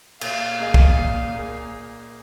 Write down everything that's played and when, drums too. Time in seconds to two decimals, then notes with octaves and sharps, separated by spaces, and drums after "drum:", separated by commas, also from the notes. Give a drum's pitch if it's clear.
0.21 A#2 F5, drum: cymbal
0.60 A#3 G#4 D#5
0.74 drum: kick
0.97 A#2
1.36 A#3 G#4